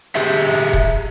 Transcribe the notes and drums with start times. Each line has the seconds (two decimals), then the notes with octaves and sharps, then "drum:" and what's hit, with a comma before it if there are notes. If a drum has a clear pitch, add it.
0.15 G4 G#4 E5, drum: hi-hat
0.73 drum: kick D#1